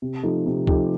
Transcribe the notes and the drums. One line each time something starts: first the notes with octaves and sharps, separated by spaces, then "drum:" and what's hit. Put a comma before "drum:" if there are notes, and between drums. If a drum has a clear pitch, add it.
C3
F3 A3 D#4 G4
C3
F3 A3 D#4 G4, drum: kick C#2